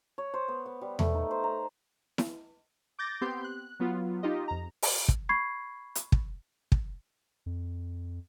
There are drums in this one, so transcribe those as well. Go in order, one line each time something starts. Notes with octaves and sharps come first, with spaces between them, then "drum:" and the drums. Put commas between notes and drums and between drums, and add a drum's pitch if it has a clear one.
C#5
C5
B3
B3
G3
A3, drum: tom E2
D#4
C5
A#5
drum: snare E4
D6 G6 A6 A#6
B3 C4 G4 C6 G6
F#6
F#3 B3 F4
D#4 F4 G4 D#5
F2 A#5
drum: open hi-hat
drum: kick
B5 C#6 G#6 C7
drum: hi-hat
drum: kick
drum: kick
F2